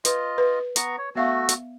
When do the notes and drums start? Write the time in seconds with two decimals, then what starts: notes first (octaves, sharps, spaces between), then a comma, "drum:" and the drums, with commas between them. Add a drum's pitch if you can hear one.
0.05 F4 B4 D#5, drum: hi-hat
0.38 B4
0.76 B3 A#5 C#6, drum: hi-hat
0.98 C#5
1.15 A3 B3 F#4 E5 F5
1.49 drum: hi-hat